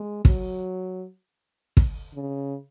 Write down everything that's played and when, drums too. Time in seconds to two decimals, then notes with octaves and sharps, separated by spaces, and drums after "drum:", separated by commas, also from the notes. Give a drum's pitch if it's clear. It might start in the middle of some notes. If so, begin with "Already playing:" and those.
Already playing: G#3
0.25 F#3, drum: kick
1.77 drum: kick
2.15 C#3